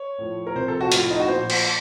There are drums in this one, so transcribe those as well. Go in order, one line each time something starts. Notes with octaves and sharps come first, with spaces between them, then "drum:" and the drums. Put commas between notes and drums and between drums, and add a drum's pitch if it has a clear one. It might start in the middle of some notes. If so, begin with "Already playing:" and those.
Already playing: C#5
A2 F3
A#4
C3 F3 C5
A4
F#4
A2 F3 F4, drum: hi-hat
F4
D#4
F#4
A#2 F3 C5
drum: cymbal